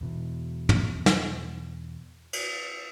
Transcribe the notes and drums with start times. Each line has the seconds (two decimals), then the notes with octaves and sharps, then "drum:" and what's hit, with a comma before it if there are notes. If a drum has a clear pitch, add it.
0.01 E2 B2
0.69 drum: tom
1.06 drum: snare
2.33 drum: cymbal